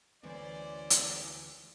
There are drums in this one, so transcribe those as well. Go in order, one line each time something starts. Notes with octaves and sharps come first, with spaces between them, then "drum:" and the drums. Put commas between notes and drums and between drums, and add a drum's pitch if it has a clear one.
D2 E3 C#4 E4 C5 D5
drum: hi-hat